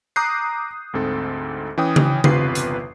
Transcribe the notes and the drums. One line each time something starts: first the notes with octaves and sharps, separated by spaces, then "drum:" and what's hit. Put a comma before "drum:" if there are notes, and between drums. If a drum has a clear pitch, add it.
A#5 D6 D#6 F#6 G6 C7
D2 G#2 C4 A4
E3 C#4 G5 D#6
drum: tom C#3
G1 E2 C3 F4 B4 C7, drum: tom C#3
drum: hi-hat